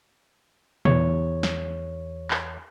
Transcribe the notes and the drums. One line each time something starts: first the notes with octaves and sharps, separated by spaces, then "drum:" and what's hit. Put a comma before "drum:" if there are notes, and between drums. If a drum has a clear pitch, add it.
E2 C#5, drum: tom A#2
drum: snare
drum: clap